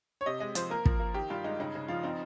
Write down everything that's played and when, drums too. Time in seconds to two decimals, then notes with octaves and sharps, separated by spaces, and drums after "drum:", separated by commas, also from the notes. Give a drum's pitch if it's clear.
0.21 C#5
0.26 C3 D#5
0.40 G#3 D#5
0.55 F3 C5, drum: hi-hat
0.70 A#3 A#4
0.86 F3, drum: kick
1.00 A#3
1.14 D#3 G4
1.30 G2 F4
1.44 G#3 D#4
1.60 C#3 D#4
1.75 C#3
1.88 F3 F4
2.03 C4 D#4